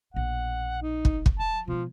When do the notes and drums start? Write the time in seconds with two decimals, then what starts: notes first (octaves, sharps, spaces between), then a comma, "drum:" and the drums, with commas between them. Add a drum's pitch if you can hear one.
0.14 A#1 B2 F#5
0.82 D#4
1.05 drum: kick
1.26 drum: kick
1.39 F3 A5
1.68 B2 F3 G#3